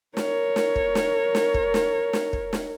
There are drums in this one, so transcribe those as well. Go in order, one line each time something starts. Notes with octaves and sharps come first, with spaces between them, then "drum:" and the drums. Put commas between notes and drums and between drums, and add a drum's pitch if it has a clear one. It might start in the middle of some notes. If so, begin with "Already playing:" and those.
A#4 C#5, drum: snare
drum: snare
drum: kick
drum: snare
drum: snare
drum: kick
drum: snare
drum: snare
drum: kick
drum: snare